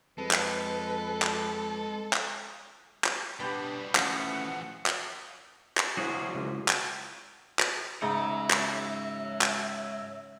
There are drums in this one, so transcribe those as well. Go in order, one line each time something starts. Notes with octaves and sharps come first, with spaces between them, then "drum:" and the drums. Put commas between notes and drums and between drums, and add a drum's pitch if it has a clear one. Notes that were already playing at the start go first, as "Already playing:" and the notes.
F2 G#3 A4 B4
drum: clap
drum: clap
drum: clap
drum: clap
B2 G3 B3 D4 G4
E3 F3 A3 C#4 F#5 D#6, drum: clap
drum: clap
drum: clap
F#3 A#3 E4 F#4 G#4 C5
C#2
drum: clap
drum: clap
G#2 C#3 D#4 C#5 E5 F#5
drum: clap
drum: clap